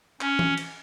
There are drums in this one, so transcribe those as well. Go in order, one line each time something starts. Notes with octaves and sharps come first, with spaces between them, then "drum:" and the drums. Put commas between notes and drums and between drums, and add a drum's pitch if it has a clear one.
C#4, drum: clap
drum: tom E3
drum: cymbal